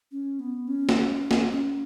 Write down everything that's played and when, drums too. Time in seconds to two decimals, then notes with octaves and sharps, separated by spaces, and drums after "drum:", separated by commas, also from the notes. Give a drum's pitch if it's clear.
0.12 C#4
0.39 B3
0.68 C#4
0.89 drum: snare
1.31 drum: snare
1.52 C#4